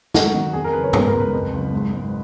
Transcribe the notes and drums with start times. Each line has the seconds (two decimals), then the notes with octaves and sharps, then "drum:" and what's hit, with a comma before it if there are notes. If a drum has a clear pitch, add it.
0.14 F#3 F#4, drum: snare
0.34 D#3
0.53 F2 G#4
0.64 A#4
0.73 F#1 B4
0.84 C#5
0.93 G#3 B4, drum: tom
1.07 A#4
1.13 C#2
1.20 B4
1.33 F2
1.54 F#1
1.73 G#2
1.93 G#2